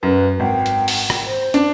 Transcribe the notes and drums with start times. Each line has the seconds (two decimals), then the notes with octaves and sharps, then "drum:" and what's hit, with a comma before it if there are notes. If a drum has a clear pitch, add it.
0.03 F#2 B4
0.40 G#1 G5
0.66 drum: hi-hat
0.88 drum: open hi-hat
1.10 drum: rim click
1.26 C5
1.54 D4, drum: hi-hat